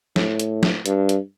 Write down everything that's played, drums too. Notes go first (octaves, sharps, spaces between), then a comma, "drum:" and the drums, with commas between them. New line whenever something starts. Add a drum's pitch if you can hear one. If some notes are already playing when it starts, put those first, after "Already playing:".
A2, drum: snare
drum: hi-hat
drum: snare
G2, drum: hi-hat
drum: hi-hat